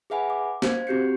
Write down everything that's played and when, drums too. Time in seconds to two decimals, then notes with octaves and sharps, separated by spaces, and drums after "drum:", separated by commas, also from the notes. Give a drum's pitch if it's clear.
0.10 G#4 B4 E5 F#5 G#5 B5
0.30 D6
0.62 C5 F5 G#6, drum: snare
0.87 C4 F#4 G4 G6 C7 C#7